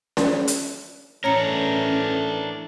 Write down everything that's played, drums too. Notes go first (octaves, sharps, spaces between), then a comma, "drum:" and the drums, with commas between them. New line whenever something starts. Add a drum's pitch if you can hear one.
D5, drum: snare C#4
drum: hi-hat
A2 E3 C#4 D4 A#4 C#5 A#5 C#7